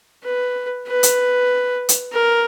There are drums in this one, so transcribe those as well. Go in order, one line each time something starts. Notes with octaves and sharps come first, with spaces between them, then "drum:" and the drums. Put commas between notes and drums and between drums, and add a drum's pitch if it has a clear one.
B4
B4
drum: hi-hat
drum: hi-hat
A#4